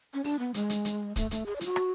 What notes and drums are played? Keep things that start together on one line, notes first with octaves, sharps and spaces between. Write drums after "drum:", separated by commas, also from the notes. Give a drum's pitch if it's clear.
C#4
D4, drum: open hi-hat
B3
G#3, drum: hi-hat
drum: hi-hat
drum: hi-hat
A3, drum: kick, hi-hat
A3, drum: hi-hat
G#4
D5
F4, drum: hi-hat
F#4
drum: rim click